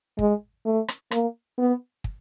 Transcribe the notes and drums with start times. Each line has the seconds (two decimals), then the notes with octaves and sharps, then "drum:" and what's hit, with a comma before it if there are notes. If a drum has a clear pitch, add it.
0.19 G#3, drum: kick
0.65 A3
0.88 drum: rim click
1.11 A#3, drum: rim click
1.58 B3
2.04 drum: kick